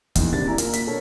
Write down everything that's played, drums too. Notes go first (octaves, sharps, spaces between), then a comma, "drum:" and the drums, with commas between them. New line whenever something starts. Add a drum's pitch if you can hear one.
E2 D#3, drum: kick C#1, hi-hat
F#1 C3 D4 A6
E4 D5 G#5 A#5
A#3 F4 A#4, drum: hi-hat
B6, drum: hi-hat
B2 D4 A4 A#4 C#5